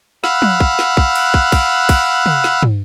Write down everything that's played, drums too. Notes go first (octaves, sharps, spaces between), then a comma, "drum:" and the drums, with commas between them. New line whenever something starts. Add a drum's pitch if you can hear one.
F5 F#5 B5 E6 F#6, drum: snare
drum: tom
drum: kick
drum: snare
drum: kick
drum: cymbal
drum: kick
drum: kick, cymbal
drum: kick, cymbal
drum: tom
drum: snare
drum: tom